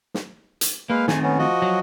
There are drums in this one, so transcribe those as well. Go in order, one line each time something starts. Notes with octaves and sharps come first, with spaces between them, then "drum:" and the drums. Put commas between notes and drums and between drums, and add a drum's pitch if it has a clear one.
drum: snare
drum: hi-hat
G#3 A#3 B4 F5
D#3 A3 C4 G#5, drum: snare
B3 C#4
F3 F#4 D#5
F#3